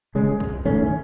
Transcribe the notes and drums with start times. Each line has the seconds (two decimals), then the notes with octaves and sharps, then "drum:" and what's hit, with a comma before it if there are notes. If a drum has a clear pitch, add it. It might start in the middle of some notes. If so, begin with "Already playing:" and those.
0.15 C#3 G#3 C#4
0.40 drum: kick
0.65 D#3 A3 C#4